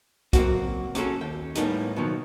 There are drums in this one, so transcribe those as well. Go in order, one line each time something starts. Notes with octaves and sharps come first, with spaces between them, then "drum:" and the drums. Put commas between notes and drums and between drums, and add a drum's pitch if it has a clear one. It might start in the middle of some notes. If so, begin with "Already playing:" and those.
C#2 F#3 A#3 C4 F#4, drum: kick B1, hi-hat
A#3 B3 C#4 F#4 G#4 A4, drum: hi-hat
D#2 G5
A2 G3 A#3 B3 D#4 G#4, drum: hi-hat
B2 D#3 F3 F#3